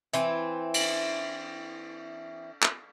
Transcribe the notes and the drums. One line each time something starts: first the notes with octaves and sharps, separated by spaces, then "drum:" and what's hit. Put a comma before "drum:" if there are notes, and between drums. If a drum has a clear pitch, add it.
E3 C4, drum: hi-hat
drum: cymbal
drum: clap